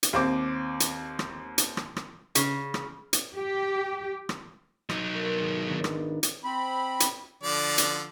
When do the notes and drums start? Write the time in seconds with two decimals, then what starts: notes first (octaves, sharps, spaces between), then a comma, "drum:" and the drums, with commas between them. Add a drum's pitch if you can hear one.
0.03 drum: hi-hat
0.13 D#2 C4 D6
0.80 drum: hi-hat
1.19 drum: rim click
1.58 drum: hi-hat
1.77 drum: rim click
1.96 drum: rim click
2.35 C#3, drum: hi-hat
2.74 drum: rim click
3.13 drum: hi-hat
3.35 G4
4.29 drum: rim click
4.90 F#3 D#4, drum: rim click
5.14 A#4
5.41 G#1 D#6
5.68 D#3 B3 D4
5.84 drum: rim click
6.23 drum: hi-hat
6.44 C4 B5
7.00 drum: hi-hat
7.43 D3 F3 D5
7.78 drum: hi-hat